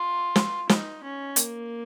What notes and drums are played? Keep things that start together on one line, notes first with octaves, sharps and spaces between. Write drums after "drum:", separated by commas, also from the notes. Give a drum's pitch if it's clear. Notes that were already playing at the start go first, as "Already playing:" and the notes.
Already playing: F4
drum: snare
D#4, drum: snare
C#4
A#3, drum: hi-hat